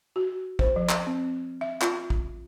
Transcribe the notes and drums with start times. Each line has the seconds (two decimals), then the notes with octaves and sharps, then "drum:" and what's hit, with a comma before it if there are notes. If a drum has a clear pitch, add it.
0.16 F#4
0.59 C5, drum: kick
0.76 F3
0.89 drum: clap
1.07 C4
1.61 E5
1.82 F4, drum: clap
2.10 drum: kick